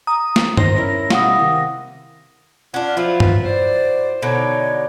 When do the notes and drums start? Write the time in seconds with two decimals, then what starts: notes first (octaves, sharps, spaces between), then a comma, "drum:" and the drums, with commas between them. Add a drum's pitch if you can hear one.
0.07 A#5 D#6
0.36 drum: snare
0.57 D#3 D#4 C5 A#6, drum: tom G2
0.76 C#4 E4 A#4
1.10 B2 G3 F5 F#5 D#6, drum: snare
1.39 C3 D#3
2.74 C#4 D4 F4 F#5
2.97 F3 F#3 E4
3.20 B4, drum: tom G2
3.45 C5 D5
4.22 B2 D3 D#4 C#5